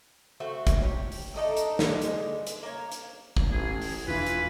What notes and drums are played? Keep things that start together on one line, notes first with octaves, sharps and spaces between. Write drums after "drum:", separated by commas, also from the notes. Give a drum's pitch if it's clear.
A3 C4 F#4
drum: kick, hi-hat
G4 C#5
drum: open hi-hat
A3 D4 D#4 A4
drum: hi-hat
drum: snare
D3 G#3
drum: hi-hat
drum: hi-hat
A#3 C#5
drum: hi-hat
drum: kick
A1 G#4
drum: open hi-hat
E1 E3 D4 F4 B4
drum: hi-hat